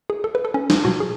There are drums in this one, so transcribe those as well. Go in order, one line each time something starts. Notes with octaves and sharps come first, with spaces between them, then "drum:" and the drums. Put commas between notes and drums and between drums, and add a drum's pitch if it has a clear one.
G#4
A4
B4
A4
C#4
D4, drum: snare
B2 F#3 F#4
G#4